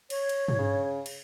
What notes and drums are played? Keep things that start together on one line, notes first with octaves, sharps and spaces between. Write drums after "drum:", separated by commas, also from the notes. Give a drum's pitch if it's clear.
C#5, drum: cymbal
drum: cymbal
drum: tom
C#3
drum: cymbal